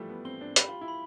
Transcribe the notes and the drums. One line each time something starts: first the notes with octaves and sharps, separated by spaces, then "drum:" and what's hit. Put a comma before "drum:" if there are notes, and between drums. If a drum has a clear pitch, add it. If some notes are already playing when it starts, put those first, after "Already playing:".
Already playing: E3 F3 G3 A3
B3
C4 G7
D4
G4 B5, drum: hi-hat
F4
E4
B5